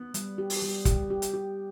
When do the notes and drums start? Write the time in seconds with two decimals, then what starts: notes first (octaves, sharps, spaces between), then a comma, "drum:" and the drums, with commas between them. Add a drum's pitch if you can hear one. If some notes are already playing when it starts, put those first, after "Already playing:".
Already playing: B3
0.14 G3, drum: hi-hat
0.38 G4
0.50 drum: open hi-hat
0.62 G3
0.85 G4, drum: kick, hi-hat
1.10 G4
1.22 drum: hi-hat
1.34 G4